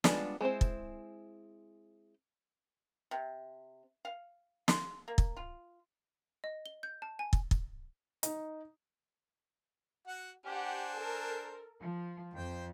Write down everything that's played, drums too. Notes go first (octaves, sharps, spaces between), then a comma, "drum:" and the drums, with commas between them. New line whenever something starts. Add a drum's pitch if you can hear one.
G3 G#3 B3 D4 F4, drum: snare
G#3 C4 E4 C5
drum: kick
C3
F5
C6, drum: snare
A#3
drum: kick
F4
D#5
G7
G6
A5
G#5
drum: kick
drum: kick
D#4, drum: hi-hat
F#4 F#5
D4 G4 C5 F#5 G#5
A4 A#4
F3
F2 C5 G5